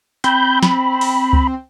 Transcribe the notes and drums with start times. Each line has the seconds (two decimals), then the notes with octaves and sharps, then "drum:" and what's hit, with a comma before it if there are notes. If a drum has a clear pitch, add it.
0.24 C4 B5 G6, drum: hi-hat
0.63 B5, drum: snare
1.01 drum: open hi-hat
1.33 drum: kick C#2